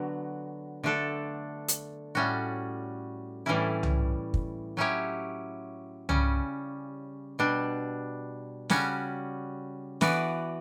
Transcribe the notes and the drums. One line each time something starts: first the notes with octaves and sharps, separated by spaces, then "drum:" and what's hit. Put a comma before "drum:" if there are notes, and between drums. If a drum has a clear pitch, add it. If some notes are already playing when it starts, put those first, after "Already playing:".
Already playing: D3 F#3 B3 F#4
D3 A3 D4 A4
drum: hi-hat
A2 G3 C#4 F#4
A2 E3 G3 C#4 E4
drum: tom C2
drum: kick
F#3 C#4 E4 G4 C#5
C#3 G3 C#4, drum: tom C2
B2 G3 D4
C#3 G3 C#4 F#4 C#5, drum: snare
E3 B3 F#4 B4 D5, drum: snare